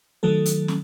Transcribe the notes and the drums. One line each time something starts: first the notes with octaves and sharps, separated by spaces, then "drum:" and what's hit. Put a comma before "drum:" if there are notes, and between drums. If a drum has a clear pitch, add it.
D#3 F#3 A3 A4
drum: hi-hat
drum: snare